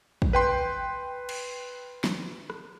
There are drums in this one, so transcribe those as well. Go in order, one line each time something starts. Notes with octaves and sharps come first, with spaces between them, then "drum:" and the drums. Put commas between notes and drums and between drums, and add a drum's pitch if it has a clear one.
drum: kick
B4 G5 C6
drum: cymbal
drum: snare
drum: rim click